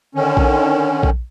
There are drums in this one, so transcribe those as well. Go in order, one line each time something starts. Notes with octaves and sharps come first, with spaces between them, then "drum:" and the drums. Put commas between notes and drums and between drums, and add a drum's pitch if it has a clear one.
D3 D#3 C#4
drum: kick A#1
drum: kick A#1